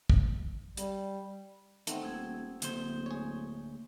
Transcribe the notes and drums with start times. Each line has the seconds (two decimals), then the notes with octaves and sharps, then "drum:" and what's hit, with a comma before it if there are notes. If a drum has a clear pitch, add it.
0.10 drum: kick
0.77 G3, drum: hi-hat
1.87 D#3 A3 B3 C4, drum: hi-hat
2.03 D#1 E6 G#6
2.62 D1 D2 A#3 C5, drum: hi-hat
3.06 G#4 C#5